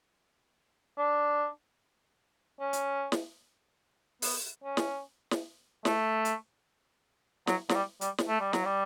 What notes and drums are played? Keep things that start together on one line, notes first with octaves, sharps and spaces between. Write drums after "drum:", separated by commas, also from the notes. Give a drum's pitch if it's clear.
D4
C#4
drum: hi-hat
drum: snare
B3, drum: open hi-hat
C#4
drum: snare
drum: snare
A3, drum: snare
drum: hi-hat
F#3, drum: snare
F#3, drum: snare
G3
G3, drum: hi-hat
drum: snare
A3
G3
F#3, drum: snare
G3